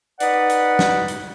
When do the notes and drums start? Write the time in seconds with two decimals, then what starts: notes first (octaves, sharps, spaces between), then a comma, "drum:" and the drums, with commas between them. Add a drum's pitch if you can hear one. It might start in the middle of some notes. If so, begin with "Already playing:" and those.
0.20 D#4 B4 D5 F#5, drum: hi-hat
0.50 drum: hi-hat
0.79 drum: snare
1.08 drum: hi-hat